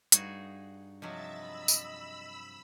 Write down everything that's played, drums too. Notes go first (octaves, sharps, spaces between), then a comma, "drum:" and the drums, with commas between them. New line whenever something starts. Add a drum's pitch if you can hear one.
G2 D#4 F#4 G#4, drum: hi-hat
C3 F3 F#3 D#5 E5 A6
B5 E6
drum: tambourine